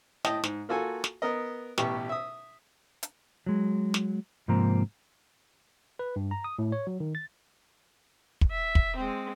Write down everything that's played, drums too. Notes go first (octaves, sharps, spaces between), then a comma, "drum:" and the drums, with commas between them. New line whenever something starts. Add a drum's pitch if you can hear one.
A2 D#5 G5 A5, drum: snare
G#2, drum: snare
A#3 F4 F#4 A4 G#5
drum: snare
B3 A#4 D#5
A1 B2 G4 C#6, drum: snare
E5 D#6
drum: hi-hat
F#3 G#3
drum: snare
G#2 C3 F3 A#3 C4 A#5
B4
G2
A#5
D#6
A2
C#5
F#3
D#3
A6
drum: kick
E5
drum: kick
G#3 C4